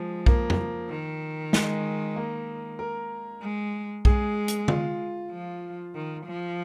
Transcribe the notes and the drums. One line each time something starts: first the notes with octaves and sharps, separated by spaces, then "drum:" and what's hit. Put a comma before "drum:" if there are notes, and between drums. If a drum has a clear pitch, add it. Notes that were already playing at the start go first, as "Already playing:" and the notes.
Already playing: F3 G#3
A#3, drum: kick B1
drum: tom F2
D#3
G#3, drum: snare
A#3
A#4
G#3
G#3 G#4, drum: kick B1
drum: hi-hat
F4, drum: tom
F3
D#3
F3